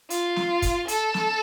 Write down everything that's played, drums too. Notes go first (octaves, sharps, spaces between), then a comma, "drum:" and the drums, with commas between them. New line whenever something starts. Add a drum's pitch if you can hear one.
F4, drum: hi-hat
drum: snare
drum: kick, hi-hat
A4, drum: hi-hat
drum: snare